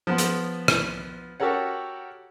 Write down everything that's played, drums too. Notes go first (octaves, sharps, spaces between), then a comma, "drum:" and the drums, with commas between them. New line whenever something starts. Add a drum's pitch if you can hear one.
F3 B3 C6
drum: hi-hat
drum: rim click
F#4 G4 A4 A#4 C#5 F#5